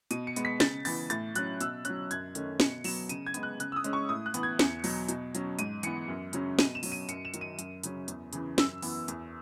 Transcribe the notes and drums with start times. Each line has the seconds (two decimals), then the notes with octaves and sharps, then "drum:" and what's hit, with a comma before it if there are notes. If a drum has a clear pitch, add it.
0.11 B2 D#7, drum: hi-hat
0.27 C#7
0.36 G#3 B3, drum: hi-hat
0.45 B6
0.60 C#3 A6, drum: snare
0.85 E3 B3 A6, drum: open hi-hat
1.10 A2 A6, drum: hi-hat
1.35 F#3 C#4 F#6, drum: hi-hat
1.61 B2 E6, drum: hi-hat
1.85 F#3 C#4 F#6, drum: hi-hat
2.11 F#2 G#6, drum: hi-hat
2.35 D#3 A3 C#4, drum: hi-hat
2.60 B2 C#7, drum: snare
2.84 F#3 B3 E7, drum: open hi-hat
3.09 C#3 D#7, drum: hi-hat
3.26 G#6
3.34 G#3 B3, drum: hi-hat
3.43 F#6
3.60 C#3 F#6, drum: hi-hat
3.72 E6
3.76 D#6
3.84 G#3 C#4, drum: hi-hat
3.93 C#6
4.09 A2 D#6
4.26 F#6
4.34 E3 B3, drum: hi-hat
4.43 G#6
4.59 E2 C#7, drum: snare
4.84 B2 F#3, drum: open hi-hat
5.09 B2, drum: hi-hat
5.35 F#3 C#4, drum: hi-hat
5.59 G#2 D#7, drum: hi-hat
5.83 E3 B3 C#7, drum: hi-hat
6.08 F#2
6.33 C#3 F#3 C#4, drum: hi-hat
6.59 B2 D#7, drum: snare
6.75 E7
6.83 F#3 C#4, drum: open hi-hat
6.92 D#7
7.09 F#2 C#7, drum: hi-hat
7.25 E7
7.34 D#3 F#3, drum: hi-hat
7.41 D#7
7.59 F#2, drum: hi-hat
7.83 C#3 F#3 C#4, drum: hi-hat
8.08 E2, drum: hi-hat
8.33 C#3 E3, drum: hi-hat
8.58 F#2 E6, drum: snare
8.82 E3 B3, drum: open hi-hat
9.08 E2, drum: hi-hat